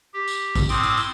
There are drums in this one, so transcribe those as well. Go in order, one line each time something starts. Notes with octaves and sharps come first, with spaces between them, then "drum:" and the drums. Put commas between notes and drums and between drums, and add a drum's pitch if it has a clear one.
G4
drum: tambourine
drum: kick G#1, tambourine
A2 C4 C6 D6 D#6, drum: tambourine
drum: tambourine
drum: tambourine